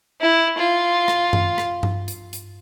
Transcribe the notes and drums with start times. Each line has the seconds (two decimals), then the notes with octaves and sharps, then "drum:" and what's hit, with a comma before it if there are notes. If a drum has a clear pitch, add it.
0.21 E4
0.58 F4
1.08 drum: rim click
1.33 drum: tom F#2
1.58 drum: rim click
1.83 drum: tom G2
2.08 drum: hi-hat
2.33 drum: hi-hat